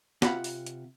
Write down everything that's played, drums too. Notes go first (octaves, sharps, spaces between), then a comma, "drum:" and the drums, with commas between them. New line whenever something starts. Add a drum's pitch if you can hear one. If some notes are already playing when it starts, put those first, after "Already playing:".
C3 F4 F#5 A#5 B5, drum: snare
drum: open hi-hat
drum: hi-hat